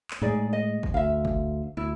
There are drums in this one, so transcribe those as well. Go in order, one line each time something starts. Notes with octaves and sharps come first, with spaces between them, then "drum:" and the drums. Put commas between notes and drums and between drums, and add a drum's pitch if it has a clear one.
drum: clap
A2 G#3 D#4 G#4 D5
D#5
drum: kick G1
D2 E5 F5
drum: kick G1
D2 E4